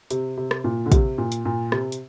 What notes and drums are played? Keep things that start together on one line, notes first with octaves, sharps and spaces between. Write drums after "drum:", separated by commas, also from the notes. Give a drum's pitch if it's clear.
C3, drum: hi-hat
C3
drum: rim click
A#2
D3
C3, drum: kick, hi-hat
A#2
drum: hi-hat
A#2
C3, drum: rim click
drum: hi-hat